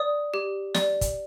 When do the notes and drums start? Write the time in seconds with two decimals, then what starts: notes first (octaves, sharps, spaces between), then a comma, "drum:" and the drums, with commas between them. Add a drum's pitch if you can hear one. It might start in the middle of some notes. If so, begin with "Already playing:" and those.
Already playing: D5 D#6
0.34 G4
0.75 D5, drum: snare
1.01 drum: kick, hi-hat